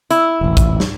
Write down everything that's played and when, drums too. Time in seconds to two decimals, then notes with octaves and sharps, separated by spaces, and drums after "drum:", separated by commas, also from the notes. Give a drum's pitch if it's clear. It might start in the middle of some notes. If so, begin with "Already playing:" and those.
0.11 E4, drum: hi-hat
0.41 E1 A1
0.57 drum: kick, hi-hat
0.80 drum: snare